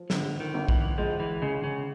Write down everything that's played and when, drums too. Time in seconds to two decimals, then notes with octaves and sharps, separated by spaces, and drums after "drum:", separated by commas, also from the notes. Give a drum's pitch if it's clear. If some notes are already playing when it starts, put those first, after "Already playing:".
Already playing: F3
0.10 G1 D3, drum: snare
0.40 D#3
0.54 G1
0.69 E3, drum: kick
0.98 F3 G#3
1.20 E3
1.42 C#3 G#3
1.64 C#3